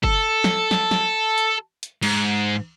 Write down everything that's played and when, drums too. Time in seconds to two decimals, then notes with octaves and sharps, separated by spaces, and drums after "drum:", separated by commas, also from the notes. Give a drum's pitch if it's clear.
0.03 A4, drum: kick F#1
0.44 drum: snare
0.71 drum: snare
0.91 drum: snare
1.38 drum: hi-hat
1.83 drum: hi-hat
2.03 G#2, drum: cymbal